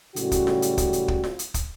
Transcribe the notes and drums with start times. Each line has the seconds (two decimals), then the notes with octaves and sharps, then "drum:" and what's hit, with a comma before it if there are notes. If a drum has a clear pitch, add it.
0.16 F#2 A2 C#3 G3 F#4, drum: hi-hat
0.32 drum: kick, hi-hat
0.47 drum: snare F4
0.62 drum: hi-hat
0.78 drum: kick, hi-hat
0.93 drum: hi-hat
1.08 drum: kick
1.24 drum: snare F4
1.39 drum: hi-hat
1.54 drum: kick, hi-hat